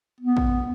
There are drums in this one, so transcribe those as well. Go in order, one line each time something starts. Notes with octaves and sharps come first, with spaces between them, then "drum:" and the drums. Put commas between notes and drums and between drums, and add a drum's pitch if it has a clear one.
B3
drum: kick